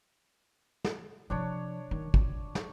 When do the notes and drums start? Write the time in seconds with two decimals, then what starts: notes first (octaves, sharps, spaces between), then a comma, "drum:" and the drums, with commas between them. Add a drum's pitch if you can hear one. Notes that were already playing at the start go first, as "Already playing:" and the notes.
0.84 drum: snare
1.30 C3 F3 D4 C#5
1.91 D#3
2.14 D3, drum: kick
2.55 drum: snare